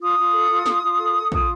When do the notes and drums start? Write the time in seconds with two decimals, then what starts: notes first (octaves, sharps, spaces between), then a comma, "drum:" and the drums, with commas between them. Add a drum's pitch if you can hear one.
0.01 F4 D#6
0.18 F4
0.33 A4
0.50 F4
0.66 F4, drum: snare
0.83 F4
0.99 A4
1.16 A4
1.32 F4 D#6, drum: kick